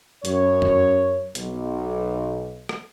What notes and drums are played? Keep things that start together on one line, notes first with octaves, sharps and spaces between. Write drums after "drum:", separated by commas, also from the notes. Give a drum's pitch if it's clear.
F#2 C#5, drum: hi-hat
drum: tom F2
B1, drum: hi-hat
drum: rim click